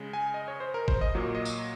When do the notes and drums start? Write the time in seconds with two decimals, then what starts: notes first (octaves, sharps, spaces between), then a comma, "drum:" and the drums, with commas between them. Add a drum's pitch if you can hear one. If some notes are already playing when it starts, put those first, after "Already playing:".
Already playing: C#3 G#3
0.13 G#5
0.34 D#5
0.48 C#5
0.60 C5
0.74 A#4
0.88 C5, drum: kick
1.01 D#5
1.15 A#2 F#3 A#3
1.35 D#5
1.45 drum: tambourine